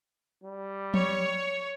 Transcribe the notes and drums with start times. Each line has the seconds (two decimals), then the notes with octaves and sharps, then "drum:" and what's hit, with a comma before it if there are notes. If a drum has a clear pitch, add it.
0.44 G3
0.94 C#5, drum: tom F3